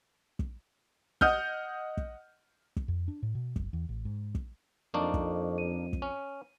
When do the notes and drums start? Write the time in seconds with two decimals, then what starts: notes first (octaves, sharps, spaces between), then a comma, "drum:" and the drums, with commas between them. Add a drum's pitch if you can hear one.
0.39 drum: kick
1.21 D#5 F#5 D#6 F6 G6, drum: kick
1.97 drum: kick
2.76 drum: kick
2.88 F2
3.08 D4
3.23 A2
3.35 B2
3.56 F#1, drum: kick
3.73 E2
3.89 A1
4.05 G#2
4.35 drum: kick
4.94 F2 A#3 D4 D#4 D#5 C#6
5.14 drum: kick
5.58 D#7
5.93 drum: kick
6.02 C#4